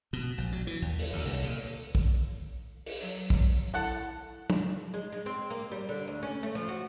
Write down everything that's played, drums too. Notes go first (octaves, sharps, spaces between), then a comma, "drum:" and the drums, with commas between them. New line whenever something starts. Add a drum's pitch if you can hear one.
B2
A#1
F#3
E3
D#2
drum: open hi-hat
D2
C2, drum: open hi-hat
A#2
drum: kick
drum: open hi-hat
F#3
drum: kick
E4 A4 F#5 A5
drum: tom
G#3
G#3
C4
A#3
G3
D3
D2
C#4
A3
F3
F#4